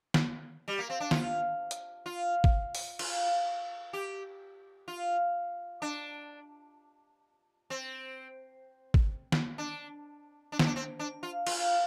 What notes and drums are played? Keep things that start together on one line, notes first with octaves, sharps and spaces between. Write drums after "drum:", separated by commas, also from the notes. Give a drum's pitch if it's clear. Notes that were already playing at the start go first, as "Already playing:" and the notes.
drum: snare
G3
A#3
C4
D4
F4, drum: snare
drum: hi-hat
F4
drum: kick G#1
drum: open hi-hat
F4, drum: cymbal
G4
F4
D4
C4
drum: kick G#1
drum: snare
D4
D4
C4, drum: snare
D4
C4
D4
F4
F4, drum: cymbal